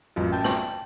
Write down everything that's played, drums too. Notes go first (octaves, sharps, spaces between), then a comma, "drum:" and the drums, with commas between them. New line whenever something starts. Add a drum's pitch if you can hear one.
A1 F#2 F4
G5 A5 G6
F#7, drum: snare